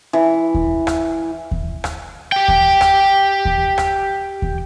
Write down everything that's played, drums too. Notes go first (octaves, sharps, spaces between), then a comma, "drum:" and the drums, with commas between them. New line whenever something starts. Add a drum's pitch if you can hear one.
E3
drum: kick D#2
drum: rim click
drum: kick D#2
drum: rim click
G4 G5
drum: kick D#2
drum: rim click
drum: kick D#2
drum: rim click
drum: kick D#2